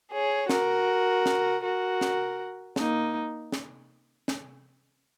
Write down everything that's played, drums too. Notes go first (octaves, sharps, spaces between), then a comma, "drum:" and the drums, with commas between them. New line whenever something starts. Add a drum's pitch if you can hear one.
G#4 C#5
F#4 A#4, drum: snare
drum: snare
F#4 A#4
drum: snare
A#3 D#4, drum: snare
drum: snare
drum: snare